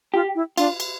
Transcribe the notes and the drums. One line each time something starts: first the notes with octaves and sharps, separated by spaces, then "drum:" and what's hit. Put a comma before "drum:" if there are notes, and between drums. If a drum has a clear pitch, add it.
F4 G4
E4
D4 F4, drum: cymbal
drum: cymbal